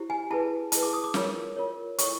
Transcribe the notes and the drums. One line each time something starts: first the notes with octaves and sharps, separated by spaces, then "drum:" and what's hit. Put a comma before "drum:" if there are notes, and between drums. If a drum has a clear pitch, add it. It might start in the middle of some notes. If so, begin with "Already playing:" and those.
Already playing: E4 G4 C5
G#5
E4 G#4 B4 A5
E4 G#4 B4 A5, drum: hi-hat
D6
D#6
D6
F4 A#4 C#5, drum: snare
F4 A#4 C#5
E4 A4 C#5 C#6, drum: hi-hat